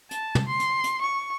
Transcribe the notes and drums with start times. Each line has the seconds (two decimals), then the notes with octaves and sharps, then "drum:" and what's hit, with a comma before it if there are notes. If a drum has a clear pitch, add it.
0.11 A5, drum: hi-hat
0.35 drum: tom
0.47 C6
0.60 drum: hi-hat
0.84 drum: hi-hat
1.01 C#6